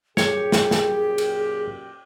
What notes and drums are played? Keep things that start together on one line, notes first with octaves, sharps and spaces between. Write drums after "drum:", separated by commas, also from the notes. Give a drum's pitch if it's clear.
F#2 A#2 G4 G#4 C#5, drum: snare
drum: snare
drum: snare
drum: cymbal